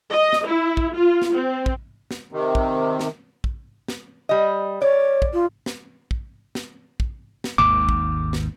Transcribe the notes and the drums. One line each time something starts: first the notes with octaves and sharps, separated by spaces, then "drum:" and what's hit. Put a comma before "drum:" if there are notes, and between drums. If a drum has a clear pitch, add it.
D#5
drum: snare
E4
drum: kick
F4
drum: snare
C4
drum: kick
drum: snare
C3 D#3
drum: kick
drum: snare
drum: kick
drum: snare
G3 D#5
C#5 D5
drum: kick
F4
drum: snare
drum: kick
drum: snare
drum: kick
drum: snare
G#1 D#2 G#2 D6
drum: kick
drum: snare